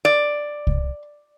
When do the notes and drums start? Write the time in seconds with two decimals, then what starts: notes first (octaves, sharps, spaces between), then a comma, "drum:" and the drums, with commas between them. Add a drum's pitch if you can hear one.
0.05 D5
0.67 drum: kick C2